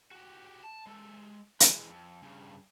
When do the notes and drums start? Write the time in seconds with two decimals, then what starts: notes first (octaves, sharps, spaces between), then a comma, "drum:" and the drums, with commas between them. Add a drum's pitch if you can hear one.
0.11 F#4 G4
0.64 A5
0.87 G#3 A4
1.60 E3 G#3, drum: hi-hat
1.88 F2
2.23 G2 C#3